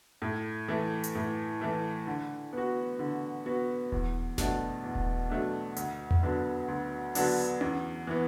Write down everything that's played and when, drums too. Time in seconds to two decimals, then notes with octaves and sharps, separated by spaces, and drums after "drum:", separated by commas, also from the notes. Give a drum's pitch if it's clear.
0.22 A2
0.69 E3 A3
1.04 drum: hi-hat
1.15 A2
1.61 E3 A3
2.07 D3
2.53 B3 F#4
2.99 D3
3.46 B3 F#4
3.92 E2, drum: kick D#1
4.38 B2 F#3 A3 D4, drum: snare F#1
4.84 E2
4.95 drum: kick D#1
5.30 B2 F#3 A3 D4
5.76 D2, drum: hi-hat
6.11 drum: tom E2
6.23 D3 F#3 B3 D4
6.68 D2
7.15 D3 F#3 B3 D4, drum: open hi-hat
7.61 E2, drum: tom C#4
8.07 E3 B3